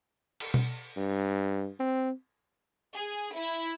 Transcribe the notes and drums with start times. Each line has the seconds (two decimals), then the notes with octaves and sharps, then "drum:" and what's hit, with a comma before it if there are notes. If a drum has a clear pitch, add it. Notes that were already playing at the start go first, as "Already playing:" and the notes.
0.40 drum: cymbal
0.54 drum: tom B2
0.97 G2
1.80 C4
2.95 G#4
3.35 E4